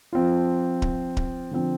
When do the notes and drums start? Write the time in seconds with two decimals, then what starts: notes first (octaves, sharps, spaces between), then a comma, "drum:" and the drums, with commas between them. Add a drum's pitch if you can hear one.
0.13 F3 C4 F4
0.82 drum: kick D1
1.17 drum: kick D1
1.51 D3 F3 C4